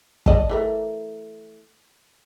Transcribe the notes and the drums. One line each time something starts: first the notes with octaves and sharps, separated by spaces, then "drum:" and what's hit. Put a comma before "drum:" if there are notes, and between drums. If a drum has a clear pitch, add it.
D5 D#5 A5, drum: kick
E3 A3 A#4